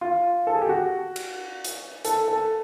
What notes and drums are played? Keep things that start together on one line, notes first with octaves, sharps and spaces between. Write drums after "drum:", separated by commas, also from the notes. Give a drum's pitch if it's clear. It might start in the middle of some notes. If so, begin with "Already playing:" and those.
F4
A4
G#4
G4
F#4
drum: cymbal
drum: hi-hat
A4, drum: hi-hat
A4